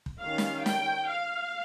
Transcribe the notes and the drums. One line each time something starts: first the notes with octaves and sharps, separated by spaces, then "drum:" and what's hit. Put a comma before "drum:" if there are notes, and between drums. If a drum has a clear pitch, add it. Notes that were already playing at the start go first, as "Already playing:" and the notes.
drum: kick
D#3 G3 C#4 F5
drum: snare
G5, drum: snare
F5